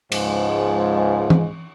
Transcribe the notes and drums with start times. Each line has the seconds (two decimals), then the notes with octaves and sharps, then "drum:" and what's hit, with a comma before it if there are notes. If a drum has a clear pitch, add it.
0.12 C#2 G#2 F3 G#3, drum: cymbal
1.30 drum: tom